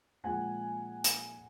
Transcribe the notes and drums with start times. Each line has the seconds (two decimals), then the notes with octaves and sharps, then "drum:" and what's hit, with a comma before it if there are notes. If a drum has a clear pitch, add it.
0.24 A#2 F3 G#3 C4 F#5 G#5
1.04 drum: hi-hat